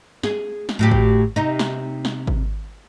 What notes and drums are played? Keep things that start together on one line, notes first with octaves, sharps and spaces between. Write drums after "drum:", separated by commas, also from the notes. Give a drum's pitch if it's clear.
G#4, drum: snare
drum: snare
A2 F#3 G4
drum: kick G#1
C3 D#4
drum: snare
drum: snare
drum: kick G#1